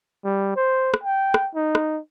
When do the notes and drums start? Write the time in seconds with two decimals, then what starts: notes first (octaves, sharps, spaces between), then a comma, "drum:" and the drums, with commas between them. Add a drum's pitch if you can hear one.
0.24 G3
0.56 C5
0.94 drum: rim click
1.04 G5
1.34 drum: rim click
1.55 D#4
1.75 drum: rim click